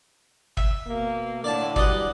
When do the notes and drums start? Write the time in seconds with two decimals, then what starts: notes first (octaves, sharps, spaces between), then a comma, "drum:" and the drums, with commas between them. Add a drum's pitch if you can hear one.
0.57 E5, drum: kick
0.87 B2 A#3
1.44 A2 D3 D5 A5
1.76 E3 F#3 G3 D5 D#5 F#5, drum: kick